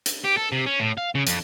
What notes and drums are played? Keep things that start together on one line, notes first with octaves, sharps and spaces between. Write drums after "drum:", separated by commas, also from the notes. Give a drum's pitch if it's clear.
drum: hi-hat
G4
A4
C3
C#4
A2
F5
C#3
F2, drum: hi-hat